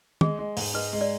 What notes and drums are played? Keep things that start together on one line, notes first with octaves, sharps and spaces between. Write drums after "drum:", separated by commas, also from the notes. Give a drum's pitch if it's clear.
G#3 G#4, drum: tom
G#3
G#2, drum: open hi-hat
G#3 B4
G#3
D5